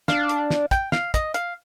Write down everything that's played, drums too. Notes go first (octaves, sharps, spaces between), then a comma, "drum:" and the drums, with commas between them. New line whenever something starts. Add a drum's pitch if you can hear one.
D4 F5, drum: snare
drum: hi-hat
drum: snare
G5, drum: kick, hi-hat
F5, drum: snare
D#5, drum: kick, hi-hat
F5, drum: hi-hat